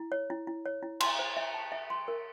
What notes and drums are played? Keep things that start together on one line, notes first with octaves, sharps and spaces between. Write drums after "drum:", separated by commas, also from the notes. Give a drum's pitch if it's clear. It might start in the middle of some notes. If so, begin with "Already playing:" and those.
Already playing: E4
C#5
E4
E4
C#5
E4
C6, drum: cymbal
C5
E5
A5
E5
C6
A#4